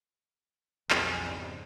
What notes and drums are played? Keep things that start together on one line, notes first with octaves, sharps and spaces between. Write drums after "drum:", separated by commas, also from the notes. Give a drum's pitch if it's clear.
B1 F2 G#3 B3 C5 G5, drum: clap
G#2 C#3 G3 E4